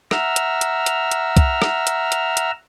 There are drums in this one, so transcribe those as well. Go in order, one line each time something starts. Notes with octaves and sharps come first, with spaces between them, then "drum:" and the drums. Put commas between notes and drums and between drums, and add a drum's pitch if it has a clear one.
E5 F#5 A#5 E6 F6, drum: rim click
drum: hi-hat
drum: hi-hat
drum: hi-hat
drum: hi-hat
drum: kick, hi-hat
drum: rim click
drum: hi-hat
drum: hi-hat
drum: hi-hat